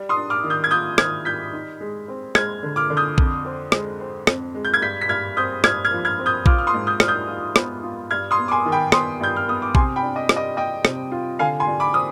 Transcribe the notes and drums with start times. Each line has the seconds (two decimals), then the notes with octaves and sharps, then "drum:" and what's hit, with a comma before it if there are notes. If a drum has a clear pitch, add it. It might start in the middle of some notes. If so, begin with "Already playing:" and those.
Already playing: G3
0.09 C6 D#6
0.16 D4
0.30 D6 F6
0.44 D#3
0.50 D#6 G6
0.64 G#6
0.71 F4 D#6 G6
0.98 D#3 F6 G#6, drum: rim click
1.25 G3 G6 B6
1.53 D#4
1.81 G#3
2.08 C4
2.35 G#3 F6 G#6, drum: rim click
2.63 D3
2.76 D6 F6
2.90 D3
2.97 D#6 G6
3.18 F2, drum: kick A#1
3.45 C4
3.72 G#3, drum: rim click
4.00 C4
4.27 F2, drum: rim click
4.55 G#3
4.65 G6
4.74 G#6
4.82 G2 G6 B6
5.01 B6
5.09 G2 F6 G#6
5.37 C4 D#6 G6
5.64 G2 F6 G#6, drum: rim click
5.85 F6 G#6
5.91 F3
6.05 F6 G#6
6.19 C4
6.26 D#6 G6
6.46 F4 D6 F6, drum: kick A#1
6.59 F6
6.67 C6 D#6
6.74 G#2
6.87 D#6 G6
7.00 G3 F6, drum: rim click
7.08 D#6 G6
7.28 F4
7.56 B3, drum: rim click
7.83 F4
8.10 G2 F6 G#6
8.31 C6 D#6
8.38 B3
8.48 D6
8.51 G#5 C6
8.66 D#3
8.72 G5 B5
8.92 B3 C6 D#6, drum: rim click
9.20 G2 G6
9.36 F6
9.48 B3 D#6
9.62 D6
9.75 C3 G#5 C6, drum: kick A#1
9.96 G5 B5
10.02 D4
10.16 D#5
10.29 G3, drum: rim click
10.36 D#5
10.57 G3 D#5 G5
10.85 C3, drum: rim click
11.12 F4
11.39 D3 F5 G#5
11.60 G#5 C6
11.67 G3
11.80 B5 D6
11.94 C4 D#6